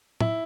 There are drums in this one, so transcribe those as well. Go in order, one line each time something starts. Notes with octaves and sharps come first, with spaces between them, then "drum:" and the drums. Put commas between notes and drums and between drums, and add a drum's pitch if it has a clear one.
E4, drum: tom